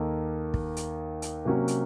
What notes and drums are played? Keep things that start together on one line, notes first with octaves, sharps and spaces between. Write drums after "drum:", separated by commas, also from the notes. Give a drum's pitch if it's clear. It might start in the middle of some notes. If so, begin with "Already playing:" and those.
Already playing: D#2 D#3 A#3 D#4 A4
drum: kick
drum: hi-hat
drum: hi-hat
C3 F#3 A#3 C#4 F#4
drum: hi-hat